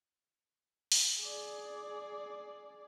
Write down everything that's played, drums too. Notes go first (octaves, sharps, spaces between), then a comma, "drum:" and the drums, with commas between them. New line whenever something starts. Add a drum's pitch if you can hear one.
drum: open hi-hat
G#4 D5